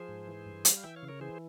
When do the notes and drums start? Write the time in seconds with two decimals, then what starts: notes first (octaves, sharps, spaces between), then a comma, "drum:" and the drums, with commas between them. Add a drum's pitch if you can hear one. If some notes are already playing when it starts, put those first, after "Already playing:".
Already playing: F3 G#4 C5
0.08 G#2
0.27 E3
0.46 G2
0.65 G3, drum: hi-hat
0.77 F5
0.84 E3 E5 G5
0.96 C#5 F5
1.03 C#3
1.08 A#4 C#5
1.21 E3 G#4 C5